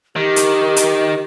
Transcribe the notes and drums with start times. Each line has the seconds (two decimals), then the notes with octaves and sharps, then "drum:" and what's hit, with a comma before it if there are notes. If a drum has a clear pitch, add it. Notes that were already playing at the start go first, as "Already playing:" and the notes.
0.16 D#3 G4
0.36 drum: hi-hat
0.76 drum: hi-hat